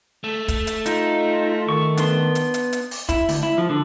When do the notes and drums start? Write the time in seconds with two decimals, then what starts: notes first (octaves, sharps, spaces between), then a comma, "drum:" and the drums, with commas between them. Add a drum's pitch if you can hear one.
0.24 A3
0.48 drum: kick, hi-hat
0.67 drum: hi-hat
0.86 D#4 F4, drum: hi-hat
1.69 D#3 C#6
1.97 B3 D4 C6, drum: hi-hat
2.35 drum: hi-hat
2.54 drum: hi-hat
2.73 drum: hi-hat
2.91 drum: open hi-hat
3.09 E4, drum: kick, hi-hat
3.29 D2, drum: open hi-hat
3.43 E4
3.58 F3
3.70 D3